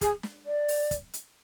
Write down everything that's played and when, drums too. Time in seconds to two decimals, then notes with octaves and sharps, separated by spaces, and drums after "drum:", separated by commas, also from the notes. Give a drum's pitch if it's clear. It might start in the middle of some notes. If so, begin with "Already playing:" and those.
0.01 G#4, drum: kick, hi-hat
0.23 drum: snare
0.46 D5
0.68 drum: open hi-hat
0.91 drum: kick, hi-hat
1.13 drum: hi-hat